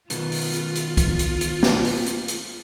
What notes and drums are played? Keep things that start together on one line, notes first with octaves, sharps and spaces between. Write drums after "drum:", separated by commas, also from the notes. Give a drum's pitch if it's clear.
B2 D#3 B3 F4, drum: hi-hat
drum: open hi-hat
drum: hi-hat
drum: hi-hat
drum: kick, hi-hat
drum: hi-hat
drum: hi-hat
drum: snare
drum: open hi-hat
drum: hi-hat
drum: hi-hat